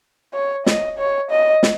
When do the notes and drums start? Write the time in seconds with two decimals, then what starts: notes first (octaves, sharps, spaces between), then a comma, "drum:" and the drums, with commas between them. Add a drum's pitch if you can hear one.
0.34 C#5
0.66 D#5, drum: snare
0.98 C#5
1.31 D#5
1.63 drum: snare